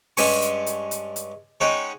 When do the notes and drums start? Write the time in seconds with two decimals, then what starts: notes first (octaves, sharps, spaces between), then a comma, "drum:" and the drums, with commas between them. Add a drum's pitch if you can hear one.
0.17 G2 G#3 C#4 G4 G#5 C#6, drum: open hi-hat
0.42 drum: hi-hat
0.66 drum: hi-hat
0.91 drum: hi-hat
1.16 drum: hi-hat
1.60 G#3 C#4 D#4 C#5 F#5 G5